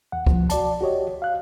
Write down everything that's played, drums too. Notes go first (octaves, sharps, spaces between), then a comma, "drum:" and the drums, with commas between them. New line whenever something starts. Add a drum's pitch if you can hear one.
E2 F#5
F3, drum: kick C#2
F#4 D5 A5, drum: hi-hat
F#4 G4 C#5 D#5
F5 F#6